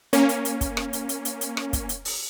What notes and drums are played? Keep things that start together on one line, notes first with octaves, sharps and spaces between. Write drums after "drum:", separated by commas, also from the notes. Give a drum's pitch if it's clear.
A#3 C#4, drum: hi-hat
drum: hi-hat
drum: hi-hat
drum: kick, hi-hat
drum: rim click
drum: hi-hat
drum: hi-hat
drum: hi-hat
drum: hi-hat
drum: rim click
drum: kick, hi-hat
drum: hi-hat
drum: open hi-hat